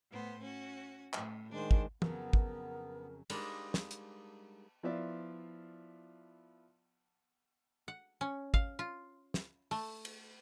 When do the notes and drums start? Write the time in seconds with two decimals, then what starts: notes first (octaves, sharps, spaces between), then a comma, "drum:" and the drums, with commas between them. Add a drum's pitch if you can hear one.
0.11 A2 B3 C5
0.40 C#4 F#4
1.13 A2, drum: clap
1.51 D#3 G#3 D4 C5
1.71 drum: kick
2.02 F2 C#3 F#3 B3 A#4, drum: tom
2.33 drum: kick
3.30 G3 G#3 A#3 D4 D#4, drum: cymbal
3.74 drum: snare
3.91 drum: hi-hat
4.83 F3 B3 E4 F4 D5 E5
7.88 F#5
8.21 C#4
8.54 F5, drum: kick
8.79 F4
9.34 drum: snare
9.71 A3, drum: open hi-hat
10.05 drum: cymbal